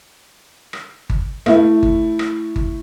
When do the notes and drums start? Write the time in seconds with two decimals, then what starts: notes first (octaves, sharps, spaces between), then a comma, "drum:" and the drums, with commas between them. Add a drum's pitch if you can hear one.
0.73 drum: rim click
1.10 drum: kick G1
1.46 A3 E4, drum: rim click
1.83 drum: kick G1
2.19 drum: rim click
2.56 drum: kick G1